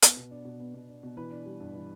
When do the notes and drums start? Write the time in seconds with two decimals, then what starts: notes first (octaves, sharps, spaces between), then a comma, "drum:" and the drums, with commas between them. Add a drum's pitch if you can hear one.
0.02 B3, drum: hi-hat
0.17 B2
0.31 D4
0.45 B2
0.60 B3
0.74 B2
0.89 D4
1.03 B2
1.17 E3 B4
1.31 D4
1.46 G3
1.60 G2
1.75 E3